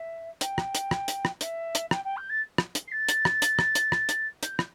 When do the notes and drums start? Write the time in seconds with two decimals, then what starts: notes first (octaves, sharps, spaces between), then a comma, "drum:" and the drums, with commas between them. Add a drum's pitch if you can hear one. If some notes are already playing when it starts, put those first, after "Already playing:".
Already playing: E5
0.41 G5, drum: hi-hat
0.58 drum: rim click
0.75 drum: hi-hat
0.91 drum: rim click
1.08 drum: hi-hat
1.25 drum: rim click
1.41 E5, drum: hi-hat
1.75 drum: hi-hat
1.91 G5, drum: rim click
2.04 G5
2.17 G6
2.30 A6
2.58 drum: rim click
2.75 drum: hi-hat
2.88 C7
2.92 A6
3.09 drum: hi-hat
3.25 drum: rim click
3.42 drum: hi-hat
3.59 drum: rim click
3.75 drum: hi-hat
3.92 drum: rim click
4.09 drum: hi-hat
4.43 G6, drum: hi-hat
4.59 drum: rim click